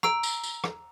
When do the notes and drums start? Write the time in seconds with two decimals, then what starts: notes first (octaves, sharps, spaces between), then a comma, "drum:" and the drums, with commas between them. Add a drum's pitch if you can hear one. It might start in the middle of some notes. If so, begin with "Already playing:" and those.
0.03 A#5 E6 D7, drum: rim click
0.23 drum: tambourine
0.44 drum: tambourine
0.64 drum: rim click